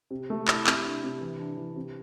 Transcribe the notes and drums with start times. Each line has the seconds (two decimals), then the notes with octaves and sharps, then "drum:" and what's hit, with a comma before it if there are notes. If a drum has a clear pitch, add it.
0.11 C3
0.30 A3
0.48 E4, drum: clap
0.67 C3, drum: clap
0.84 D4
1.03 C3
1.21 E3
1.39 D4
1.57 E3
1.76 C3